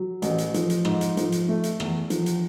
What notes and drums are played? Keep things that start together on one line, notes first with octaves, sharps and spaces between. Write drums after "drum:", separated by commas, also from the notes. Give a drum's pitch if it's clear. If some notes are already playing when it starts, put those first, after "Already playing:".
Already playing: F#3
A1, drum: hi-hat
drum: hi-hat
F3, drum: hi-hat
drum: hi-hat
G#2, drum: rim click
drum: hi-hat
F3, drum: hi-hat
drum: hi-hat
A3
drum: hi-hat
E2, drum: rim click
F3, drum: hi-hat
drum: hi-hat